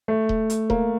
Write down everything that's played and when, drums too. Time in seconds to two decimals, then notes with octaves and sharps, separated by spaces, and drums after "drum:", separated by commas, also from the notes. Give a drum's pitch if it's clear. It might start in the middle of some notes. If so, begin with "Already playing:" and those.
0.08 A3
0.29 drum: kick D#1
0.50 drum: hi-hat
0.70 A#3, drum: kick D#1